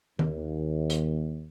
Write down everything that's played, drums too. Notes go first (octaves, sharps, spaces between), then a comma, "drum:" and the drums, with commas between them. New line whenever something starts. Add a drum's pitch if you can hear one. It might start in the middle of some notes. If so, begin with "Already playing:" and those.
D#2, drum: tom D#3
drum: hi-hat